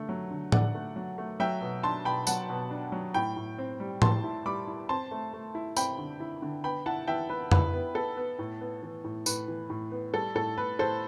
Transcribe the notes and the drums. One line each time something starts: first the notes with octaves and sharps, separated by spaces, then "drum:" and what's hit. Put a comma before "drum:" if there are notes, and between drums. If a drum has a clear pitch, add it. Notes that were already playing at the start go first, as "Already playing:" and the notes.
Already playing: D3 A3
F#3
D3
D3 D5 F#5, drum: tom A2
A3
F#3
A3
F#3 E5 G5
B2
D4 A5 C6
B2 G5 B5
F#3 F#5 A5, drum: tambourine
B2
D4
F#3
A2 G5 B5
A2
C4
G3
A2 A5 C6, drum: tom A2
E4
G3 B5 D6
E4
C4 A5 C6
A3
A3
E4
C4 G5 B5, drum: tambourine
D3
E4
D3
B3 G5 B5
E4 F#5 A5
E3 E5 G5
E4 B4
E4 B4, drum: tom F2
B3
B3 A4
B3
A2
B3
E3
A2
A2 B4, drum: tambourine
E3
A2
B3
G3 A4
A2 A4
A2 B4
A2 A4 C5